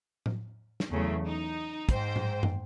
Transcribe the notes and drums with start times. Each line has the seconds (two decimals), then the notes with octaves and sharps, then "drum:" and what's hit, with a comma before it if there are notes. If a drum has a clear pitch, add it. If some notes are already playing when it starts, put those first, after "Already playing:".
0.26 drum: tom A2
0.80 drum: snare
0.91 E2 C#3 F#3 A3
1.26 D#4
1.89 G#2 C5 G5, drum: kick, hi-hat
2.16 drum: tom A2
2.43 drum: tom